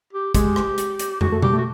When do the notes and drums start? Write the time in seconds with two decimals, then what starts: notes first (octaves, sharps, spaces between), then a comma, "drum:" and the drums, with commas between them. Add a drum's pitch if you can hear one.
0.13 G4
0.35 G#3 G4, drum: kick, hi-hat
0.56 drum: rim click
0.78 drum: hi-hat
0.99 drum: hi-hat
1.21 G#3 F#4, drum: tom
1.32 A3
1.42 G3 G4, drum: tom B2
1.53 A3
1.58 F#4